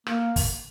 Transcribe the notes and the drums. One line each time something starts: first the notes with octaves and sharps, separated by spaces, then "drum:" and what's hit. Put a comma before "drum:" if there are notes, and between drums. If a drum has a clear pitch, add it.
A#3, drum: rim click
drum: kick, open hi-hat